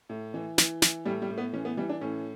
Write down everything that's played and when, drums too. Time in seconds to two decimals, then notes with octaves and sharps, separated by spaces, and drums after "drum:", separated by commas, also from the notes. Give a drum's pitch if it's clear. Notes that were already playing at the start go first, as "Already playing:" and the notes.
0.09 A2
0.34 E3
0.58 E3, drum: snare
0.82 E3, drum: snare
1.06 A2 G3
1.22 G3
1.30 A2
1.38 B3
1.53 E3 C#4
1.65 B3
1.77 E3 G3
1.89 D4
2.01 A2 C#4